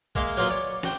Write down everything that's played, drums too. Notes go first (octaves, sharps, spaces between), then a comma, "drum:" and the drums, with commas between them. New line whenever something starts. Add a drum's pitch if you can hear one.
G#3 A#3 E5 F5 C6, drum: kick
F#3 A#3 F4 A#4 B4 D#5
C#5 D5
F#4 G5, drum: snare